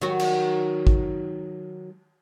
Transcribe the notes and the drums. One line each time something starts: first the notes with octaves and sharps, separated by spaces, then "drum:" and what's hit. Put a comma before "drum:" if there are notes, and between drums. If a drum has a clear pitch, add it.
D#3 F#3 F#4
drum: cymbal
drum: kick G#1